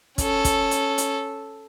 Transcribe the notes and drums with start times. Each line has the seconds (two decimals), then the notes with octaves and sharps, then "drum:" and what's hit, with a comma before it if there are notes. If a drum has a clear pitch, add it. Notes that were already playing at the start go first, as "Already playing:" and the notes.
0.18 C#4 A4, drum: kick, hi-hat
0.45 drum: kick, hi-hat
0.71 drum: hi-hat
0.98 drum: hi-hat